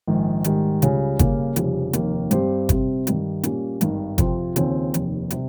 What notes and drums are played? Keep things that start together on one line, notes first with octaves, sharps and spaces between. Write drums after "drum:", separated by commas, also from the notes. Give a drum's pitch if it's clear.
A#1 G#2 D#3
G#2 D#3 G3, drum: hi-hat
C#2 C#3 G3, drum: hi-hat
C#3 G3 A#3, drum: kick G1, hi-hat
F1 F2 C#3 G3, drum: hi-hat
F1 D#2 D#3 A#3, drum: hi-hat
G2 G3 C4 G4 C5, drum: hi-hat
C3 G3 C4, drum: kick G1, hi-hat
G2 D#3 G3, drum: hi-hat
A#2 G3 A#3 C#4, drum: hi-hat
G#1 G2 D#3, drum: hi-hat
F2 C3 F3 C4 F4, drum: kick G1, hi-hat
D#2 C#3 F3 C4 D#4, drum: hi-hat
F1 D#2 D#3, drum: hi-hat
C3 G3, drum: hi-hat